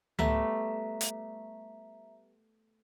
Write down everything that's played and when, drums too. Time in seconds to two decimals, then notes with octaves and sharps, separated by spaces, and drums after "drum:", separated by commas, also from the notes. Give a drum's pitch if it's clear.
0.19 G3 A3 B3 E5 A#5 B6, drum: tom C#2
1.01 drum: hi-hat